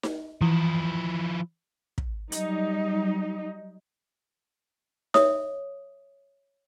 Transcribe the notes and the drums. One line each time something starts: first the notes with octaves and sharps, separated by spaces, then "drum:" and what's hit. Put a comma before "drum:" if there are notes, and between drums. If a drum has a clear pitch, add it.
drum: snare D#4
E3 F3 E4
drum: kick
F#3 G3 D#4, drum: hi-hat
C#5 E5 D#6, drum: snare D#4